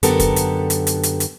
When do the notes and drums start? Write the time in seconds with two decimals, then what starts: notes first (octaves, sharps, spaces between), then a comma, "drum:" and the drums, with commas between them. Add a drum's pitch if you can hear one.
0.03 F#2 D3 B3 G4 A4 A#4, drum: hi-hat
0.20 drum: kick, hi-hat
0.36 drum: hi-hat
0.70 drum: hi-hat
0.87 drum: hi-hat
1.03 drum: hi-hat
1.20 drum: hi-hat